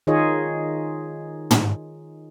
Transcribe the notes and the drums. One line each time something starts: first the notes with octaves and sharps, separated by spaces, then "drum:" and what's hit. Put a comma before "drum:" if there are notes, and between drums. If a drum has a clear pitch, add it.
D#3 D#4 F4 G#4 C#5 D#5
drum: tom